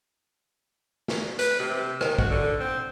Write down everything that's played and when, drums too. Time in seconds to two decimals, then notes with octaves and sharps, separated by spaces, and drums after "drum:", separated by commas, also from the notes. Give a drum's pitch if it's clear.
1.08 drum: snare
1.39 B4, drum: hi-hat
1.59 C3
2.01 D#3, drum: rim click
2.19 F#4, drum: kick A#1
2.30 D3
2.60 C4